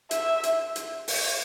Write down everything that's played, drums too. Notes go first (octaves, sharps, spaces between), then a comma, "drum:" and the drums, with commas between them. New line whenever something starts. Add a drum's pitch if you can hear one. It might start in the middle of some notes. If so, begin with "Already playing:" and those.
E5, drum: hi-hat
drum: hi-hat
drum: hi-hat
drum: open hi-hat